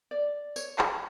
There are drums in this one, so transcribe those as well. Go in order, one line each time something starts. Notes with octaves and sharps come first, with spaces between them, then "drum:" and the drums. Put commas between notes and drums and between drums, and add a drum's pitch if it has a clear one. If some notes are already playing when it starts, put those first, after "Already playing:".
D5
C#5, drum: tambourine
drum: clap